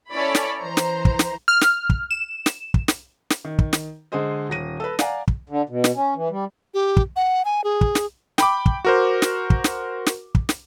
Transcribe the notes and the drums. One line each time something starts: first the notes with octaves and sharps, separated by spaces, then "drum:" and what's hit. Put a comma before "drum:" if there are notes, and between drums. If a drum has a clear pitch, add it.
C#4 E4 A4 C#5 D5 B5
drum: snare
E3 C5 A#5
drum: snare
drum: kick
drum: snare
F6
drum: snare
drum: kick
E7
drum: snare
drum: kick
drum: snare
drum: snare
D#3
drum: kick
drum: snare
D3 G#3 G#4 C5 D#5
D#1 C#4 A#6 D#7
A4 B4
D5 F5 F#5 G#5 A#5, drum: snare
drum: kick
D3
B2
drum: snare
C#4
E3
G3
G4
drum: kick
F#5
G#5
G#4
drum: kick
drum: snare
G5 B5 D6, drum: snare
drum: kick
F#4 A#4 C5
drum: snare
drum: kick
drum: snare
drum: snare
drum: kick
drum: snare